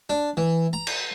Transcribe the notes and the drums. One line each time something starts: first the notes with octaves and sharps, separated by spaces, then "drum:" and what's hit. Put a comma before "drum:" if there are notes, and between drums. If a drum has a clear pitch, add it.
D4
E3
A#5
drum: cymbal